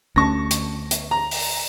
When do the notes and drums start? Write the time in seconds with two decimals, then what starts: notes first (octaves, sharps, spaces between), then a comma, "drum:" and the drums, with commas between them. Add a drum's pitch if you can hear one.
0.16 D2 A3 C#4 A5 C#6 A#6
0.51 drum: hi-hat
0.91 drum: hi-hat
1.11 A#5
1.31 drum: open hi-hat